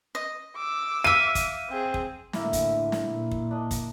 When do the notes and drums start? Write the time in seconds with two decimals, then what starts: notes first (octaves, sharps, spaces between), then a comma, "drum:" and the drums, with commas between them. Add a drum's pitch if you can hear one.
0.15 D#5
0.57 D6 E6
1.04 E5 F5 D#7
1.35 drum: kick, hi-hat
1.69 C4 G#4
1.94 drum: kick
2.33 A2 D3 A#3 E4 E5, drum: snare
2.53 drum: kick, hi-hat
2.92 drum: snare
3.05 A#2
3.31 drum: kick
3.51 D4 D#5
3.71 drum: kick, hi-hat